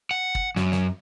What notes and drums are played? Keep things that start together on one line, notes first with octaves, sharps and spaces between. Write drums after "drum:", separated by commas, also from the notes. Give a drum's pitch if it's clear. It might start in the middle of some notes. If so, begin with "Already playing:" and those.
F#5
drum: kick
F#2, drum: snare
drum: snare